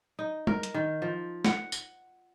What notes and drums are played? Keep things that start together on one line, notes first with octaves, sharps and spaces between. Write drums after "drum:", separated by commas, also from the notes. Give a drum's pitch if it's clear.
D#4
A#4, drum: tom
drum: hi-hat
D#3
F3
F#5, drum: snare
drum: tambourine